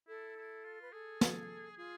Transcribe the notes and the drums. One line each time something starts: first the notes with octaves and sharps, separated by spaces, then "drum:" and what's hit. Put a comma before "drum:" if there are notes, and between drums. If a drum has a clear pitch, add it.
E4 A4
E4
F4
B4
G#4 A4
drum: snare
F4 G#4